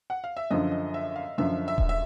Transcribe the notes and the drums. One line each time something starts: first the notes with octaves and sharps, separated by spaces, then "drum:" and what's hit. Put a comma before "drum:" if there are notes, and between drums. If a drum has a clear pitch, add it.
F#5
F5
E5
F#2 D3 F3 D#5
D#5
E5
F5
F#2 D3 F3 E5
E5
drum: kick D#1
E5